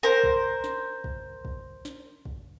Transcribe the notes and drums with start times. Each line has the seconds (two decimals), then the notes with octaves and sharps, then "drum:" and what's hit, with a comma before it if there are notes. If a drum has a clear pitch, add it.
0.03 A#4 C5
0.23 drum: kick
0.64 drum: snare
1.04 drum: kick
1.45 drum: kick
1.85 drum: snare
2.25 drum: kick